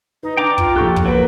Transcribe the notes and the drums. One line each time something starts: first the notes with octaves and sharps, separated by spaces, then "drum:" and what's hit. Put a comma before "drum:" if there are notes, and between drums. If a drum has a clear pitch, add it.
D#4 B4
D4 G5 A#5 D6
F4, drum: kick
A#1 G4 A4 C#6 F#6
drum: kick
F#3 A#3 B4